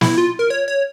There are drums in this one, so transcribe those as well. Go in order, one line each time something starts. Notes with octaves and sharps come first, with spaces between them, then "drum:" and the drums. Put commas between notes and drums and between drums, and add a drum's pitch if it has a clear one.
E4, drum: snare
F4
A#4
C#5
C#5